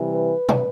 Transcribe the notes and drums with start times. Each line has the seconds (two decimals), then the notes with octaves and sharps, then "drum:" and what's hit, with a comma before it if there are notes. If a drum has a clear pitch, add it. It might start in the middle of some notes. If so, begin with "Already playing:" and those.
Already playing: C3 E3 G3
0.15 B4
0.49 drum: tom